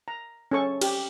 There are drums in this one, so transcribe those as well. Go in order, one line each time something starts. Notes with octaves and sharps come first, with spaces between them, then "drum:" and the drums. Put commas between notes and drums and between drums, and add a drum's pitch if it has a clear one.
A#5
C#4 A4 C#6
G4, drum: cymbal